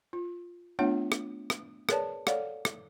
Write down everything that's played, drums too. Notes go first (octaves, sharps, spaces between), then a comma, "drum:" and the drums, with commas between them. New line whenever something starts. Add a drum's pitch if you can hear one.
F4
A3 B3 D4 F4 C#5 F#5
drum: rim click
drum: rim click
G#4 A#4 B4 C#5 D5 A5, drum: rim click
A4 C#5 D5 F5 F#5, drum: rim click
drum: rim click